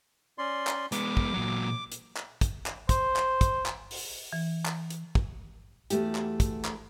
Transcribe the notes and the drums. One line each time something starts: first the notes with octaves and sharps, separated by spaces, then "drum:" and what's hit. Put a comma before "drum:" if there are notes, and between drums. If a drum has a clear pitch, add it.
C#4 D5 C6
drum: clap
G#3 B3 D6, drum: hi-hat
drum: kick
A#2 F#3
drum: hi-hat
drum: clap
drum: kick, hi-hat
drum: clap
C5, drum: kick, hi-hat
drum: clap
drum: kick, hi-hat
drum: clap
drum: open hi-hat
E3
drum: clap
drum: hi-hat
drum: kick
E2 A3 F#4 G4, drum: hi-hat
drum: clap
drum: kick, hi-hat
drum: clap